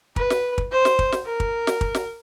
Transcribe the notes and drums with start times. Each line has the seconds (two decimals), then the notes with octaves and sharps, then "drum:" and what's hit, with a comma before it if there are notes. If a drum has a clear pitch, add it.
0.16 B4, drum: kick
0.30 drum: snare
0.58 drum: kick
0.72 C5
0.85 drum: snare
0.99 drum: kick
1.12 drum: snare
1.26 A#4
1.40 drum: kick
1.67 drum: snare
1.81 drum: kick
1.95 drum: snare